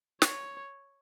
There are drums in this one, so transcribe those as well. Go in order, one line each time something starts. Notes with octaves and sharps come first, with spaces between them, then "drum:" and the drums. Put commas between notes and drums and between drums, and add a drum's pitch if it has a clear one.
C#5, drum: snare